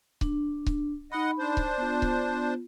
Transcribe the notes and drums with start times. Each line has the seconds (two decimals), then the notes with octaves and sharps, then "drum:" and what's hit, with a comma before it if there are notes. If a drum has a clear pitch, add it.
0.21 D4, drum: kick C#1
0.66 drum: kick C#1
1.12 D#4 D#5 F#5 B5
1.39 D4 C5
1.57 drum: kick C#1
1.78 B3 F4
2.02 drum: kick C#1